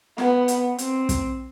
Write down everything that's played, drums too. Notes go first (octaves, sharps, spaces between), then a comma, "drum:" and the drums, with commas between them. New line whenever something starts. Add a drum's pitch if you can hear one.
B3, drum: snare
drum: hi-hat
C4, drum: hi-hat
drum: kick, hi-hat